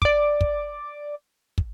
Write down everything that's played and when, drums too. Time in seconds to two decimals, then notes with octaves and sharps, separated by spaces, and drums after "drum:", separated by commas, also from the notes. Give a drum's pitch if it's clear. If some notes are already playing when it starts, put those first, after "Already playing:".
0.02 D5 D6, drum: kick
0.41 drum: kick
1.58 drum: kick